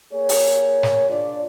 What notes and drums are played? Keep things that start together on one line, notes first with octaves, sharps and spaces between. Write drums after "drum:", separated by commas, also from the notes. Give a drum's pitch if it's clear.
A#3 G#4 C#5
drum: open hi-hat
drum: snare
D4 F4 D5